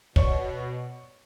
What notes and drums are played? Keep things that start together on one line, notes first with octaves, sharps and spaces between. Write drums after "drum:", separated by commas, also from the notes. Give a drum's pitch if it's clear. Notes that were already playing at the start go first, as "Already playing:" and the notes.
B2 C#5 D5 C#6, drum: kick